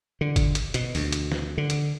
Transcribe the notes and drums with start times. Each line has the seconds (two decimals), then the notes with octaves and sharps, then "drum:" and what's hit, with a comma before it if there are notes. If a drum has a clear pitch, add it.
0.21 D3
0.36 drum: kick, hi-hat
0.55 drum: hi-hat
0.74 B2, drum: hi-hat
0.95 D2, drum: open hi-hat
1.12 drum: hi-hat
1.32 drum: snare
1.58 D3
1.70 drum: hi-hat